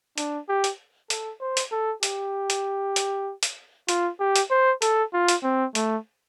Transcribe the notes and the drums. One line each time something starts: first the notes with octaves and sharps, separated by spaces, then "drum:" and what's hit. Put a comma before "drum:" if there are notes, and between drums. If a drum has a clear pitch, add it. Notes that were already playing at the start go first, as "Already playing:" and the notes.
D4, drum: hi-hat
G4
drum: hi-hat
A4, drum: hi-hat
C5
drum: hi-hat
A4
G4, drum: hi-hat
drum: hi-hat
drum: hi-hat
drum: hi-hat
F4, drum: hi-hat
G4
drum: hi-hat
C5
A4, drum: hi-hat
F4
drum: hi-hat
C4
A3, drum: hi-hat